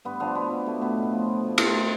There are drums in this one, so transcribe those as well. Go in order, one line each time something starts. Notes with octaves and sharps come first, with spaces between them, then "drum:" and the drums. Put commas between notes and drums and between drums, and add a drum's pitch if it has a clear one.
G2 B3
F3 B3 D4
B2 B3
B2
B2 A3
B2 B3
A2
F3
B2
B2
B2 A3 C4, drum: cymbal
B2